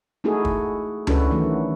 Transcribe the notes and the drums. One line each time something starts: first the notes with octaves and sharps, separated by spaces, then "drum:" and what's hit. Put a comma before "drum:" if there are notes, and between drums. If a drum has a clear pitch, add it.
A3 D#4 E4 F#4 G#4 A4
drum: kick
C#4 D4 E4 F#4 A4 B4, drum: tom C#2
D#3 E3 F#3 A3